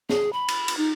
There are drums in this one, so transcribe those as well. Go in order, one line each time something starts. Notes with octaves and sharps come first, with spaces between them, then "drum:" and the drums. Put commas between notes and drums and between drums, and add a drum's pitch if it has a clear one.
G#4, drum: snare
B5
drum: cymbal
drum: cymbal
D#4